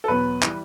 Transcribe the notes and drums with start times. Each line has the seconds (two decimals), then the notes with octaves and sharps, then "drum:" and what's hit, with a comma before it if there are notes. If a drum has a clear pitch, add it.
0.04 A4
0.08 E2 B2 F#3 B3 B4
0.43 E3 G3, drum: clap